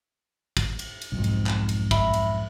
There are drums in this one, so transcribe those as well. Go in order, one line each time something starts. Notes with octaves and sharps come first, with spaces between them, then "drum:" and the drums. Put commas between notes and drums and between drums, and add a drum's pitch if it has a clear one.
drum: kick, cymbal
drum: cymbal
drum: cymbal
B1 F2 G#2
drum: cymbal
drum: clap
drum: cymbal
E5 B5, drum: kick, cymbal
drum: cymbal